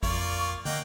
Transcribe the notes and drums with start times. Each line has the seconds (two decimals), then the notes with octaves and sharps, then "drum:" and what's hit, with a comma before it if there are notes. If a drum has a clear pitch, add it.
0.03 F2 A#3 F4 D5 C#6, drum: kick
0.65 A#3 D#5 F#5 G5, drum: tom